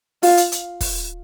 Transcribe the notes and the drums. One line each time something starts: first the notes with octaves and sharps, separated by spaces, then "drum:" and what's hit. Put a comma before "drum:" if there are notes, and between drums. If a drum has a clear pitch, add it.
F4, drum: open hi-hat
drum: hi-hat
drum: hi-hat
drum: kick, open hi-hat